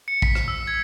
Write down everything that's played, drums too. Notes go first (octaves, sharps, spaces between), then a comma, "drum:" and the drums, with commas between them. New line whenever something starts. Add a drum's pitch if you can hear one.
C#7
B6, drum: kick A1
drum: rim click
E6
G#6